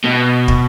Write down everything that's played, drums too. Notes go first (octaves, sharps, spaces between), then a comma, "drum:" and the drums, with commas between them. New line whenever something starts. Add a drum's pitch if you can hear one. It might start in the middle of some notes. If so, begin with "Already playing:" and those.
B2
drum: kick